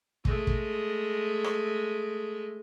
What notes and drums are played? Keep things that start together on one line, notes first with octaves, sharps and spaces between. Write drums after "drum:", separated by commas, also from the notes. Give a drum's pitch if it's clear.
G#3 A3, drum: kick
drum: kick
drum: rim click